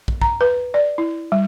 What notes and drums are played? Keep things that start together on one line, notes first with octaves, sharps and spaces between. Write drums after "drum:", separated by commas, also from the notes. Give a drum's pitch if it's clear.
drum: kick
A#5, drum: kick
B4
D5
E4
G3